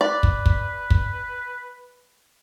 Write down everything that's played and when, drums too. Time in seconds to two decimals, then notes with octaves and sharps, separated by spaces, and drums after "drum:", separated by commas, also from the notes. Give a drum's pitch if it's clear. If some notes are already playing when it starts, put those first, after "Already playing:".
0.01 B4 D5
0.23 drum: kick
0.46 drum: kick
0.90 drum: kick